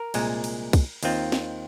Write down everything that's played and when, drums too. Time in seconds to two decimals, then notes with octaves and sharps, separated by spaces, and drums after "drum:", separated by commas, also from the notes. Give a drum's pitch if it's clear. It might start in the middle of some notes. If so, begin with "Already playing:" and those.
Already playing: A#4
0.14 C2 A#2 G#3, drum: cymbal
0.44 drum: cymbal
0.73 drum: kick, cymbal
1.03 D#2 D#3 C4 F4, drum: cymbal
1.32 drum: snare